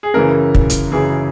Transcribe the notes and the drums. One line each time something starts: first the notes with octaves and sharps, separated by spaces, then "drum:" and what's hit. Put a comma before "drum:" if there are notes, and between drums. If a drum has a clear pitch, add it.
G#4
F#2 C#3 E3 A#4
drum: kick
drum: hi-hat
F#2 C#3 E3 G#4